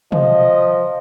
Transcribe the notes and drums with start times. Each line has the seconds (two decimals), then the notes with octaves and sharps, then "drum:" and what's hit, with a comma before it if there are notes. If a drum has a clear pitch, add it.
0.12 F3 D#5, drum: tom